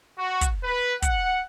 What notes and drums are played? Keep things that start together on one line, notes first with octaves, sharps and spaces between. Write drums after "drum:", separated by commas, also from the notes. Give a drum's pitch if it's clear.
F#4
drum: kick, hi-hat
B4
F#5, drum: kick, hi-hat